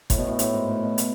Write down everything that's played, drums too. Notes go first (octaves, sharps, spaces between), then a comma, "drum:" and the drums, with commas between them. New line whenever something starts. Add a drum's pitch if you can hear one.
A2, drum: kick, hi-hat
B2
A2
A2, drum: hi-hat
G#2
A2
B2
drum: hi-hat